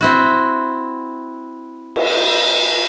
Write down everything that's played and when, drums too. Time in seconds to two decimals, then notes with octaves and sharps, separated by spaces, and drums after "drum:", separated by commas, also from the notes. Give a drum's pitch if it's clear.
0.01 C4 E4 F#4
1.96 drum: cymbal